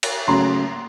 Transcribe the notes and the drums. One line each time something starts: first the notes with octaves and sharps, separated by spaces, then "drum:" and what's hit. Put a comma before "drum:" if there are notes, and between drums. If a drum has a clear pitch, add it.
drum: cymbal
C#3 F#3 A3 C#4 A#5 C6